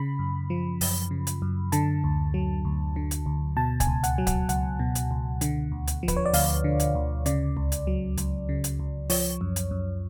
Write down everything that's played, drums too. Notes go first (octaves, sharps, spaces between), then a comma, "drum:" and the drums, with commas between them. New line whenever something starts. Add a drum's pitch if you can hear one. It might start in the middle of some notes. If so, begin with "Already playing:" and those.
Already playing: C#3 B5
F#2
F3
F#2, drum: open hi-hat
C#3
drum: hi-hat
F#2
D3 A5, drum: hi-hat
D2
F#3
D2
D3
drum: hi-hat
D2
B2 A5
G#5, drum: kick C#1, hi-hat
C#2
F#5, drum: hi-hat
F#3
F#5, drum: kick C#1, hi-hat
C#2 F#5, drum: hi-hat
B2
drum: hi-hat
C#2
D3, drum: hi-hat
D2
drum: hi-hat
F3
B4, drum: kick C#1, hi-hat
C#5
D5
D2 F5, drum: open hi-hat
D3
drum: hi-hat
D2
C#3 D5, drum: hi-hat
C#2
drum: hi-hat
F#3
C#2, drum: hi-hat
C#3
drum: hi-hat
C#2
F3 C#5, drum: open hi-hat
F#2
drum: hi-hat
F#2